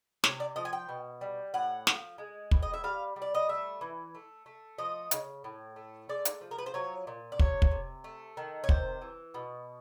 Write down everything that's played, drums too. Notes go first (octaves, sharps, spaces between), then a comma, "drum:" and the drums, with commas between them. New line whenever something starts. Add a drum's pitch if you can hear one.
C3 C#5, drum: snare
D5
F3 D#5
G#5
G5
B2
G3
A2 F#5
F3, drum: snare
G#3
A2, drum: kick
D#5
E5
G3 F5
G3
D5
D#5
A3 E5
E3
A3
A3
F3 D#5
C#3, drum: hi-hat
A2
A3
G#3 D5
drum: hi-hat
F3
A#4
B4
C5
F#3 C#5
A#2
D5
C3 C#5, drum: kick
drum: kick
C3
A3
D#3
C#5
C3 C5, drum: kick
E3
B2